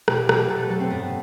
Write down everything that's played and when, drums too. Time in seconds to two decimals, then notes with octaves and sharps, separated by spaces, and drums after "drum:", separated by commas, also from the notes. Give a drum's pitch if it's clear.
0.08 B2 G4, drum: rim click
0.29 F#3 A3, drum: rim click
0.49 B2 A4
0.60 B4
0.70 F#3 A3 A4
0.80 C4
0.90 G2 B3